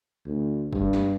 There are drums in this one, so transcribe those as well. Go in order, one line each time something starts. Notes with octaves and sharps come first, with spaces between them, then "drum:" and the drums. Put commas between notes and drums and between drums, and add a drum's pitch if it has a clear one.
D2
G2, drum: kick
drum: snare